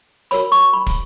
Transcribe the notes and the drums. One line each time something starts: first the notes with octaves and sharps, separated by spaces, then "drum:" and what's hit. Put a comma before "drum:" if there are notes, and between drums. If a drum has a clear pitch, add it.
F#4 A#4 C#5 B5, drum: hi-hat
C#6
B5
drum: kick, hi-hat